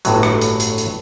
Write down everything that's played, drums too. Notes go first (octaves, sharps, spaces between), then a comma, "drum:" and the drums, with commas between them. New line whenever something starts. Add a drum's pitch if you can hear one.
G1 A2 F#3, drum: hi-hat
drum: rim click
drum: hi-hat
drum: hi-hat
drum: hi-hat